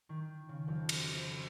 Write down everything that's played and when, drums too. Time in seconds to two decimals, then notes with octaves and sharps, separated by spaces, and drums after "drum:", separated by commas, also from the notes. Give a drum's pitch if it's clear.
0.09 D#3
0.49 C#3
0.68 F2
0.89 drum: cymbal
1.09 C4